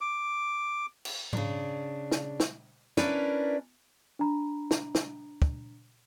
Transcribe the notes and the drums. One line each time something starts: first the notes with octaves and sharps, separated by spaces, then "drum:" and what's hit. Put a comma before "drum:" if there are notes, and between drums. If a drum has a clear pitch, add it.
D6
drum: cymbal
C#3 D4, drum: tom G#2
drum: snare
drum: snare
C#4 D4 E4 A#4 B4 D5, drum: snare
D4 A#5 B5
drum: snare
drum: snare
drum: kick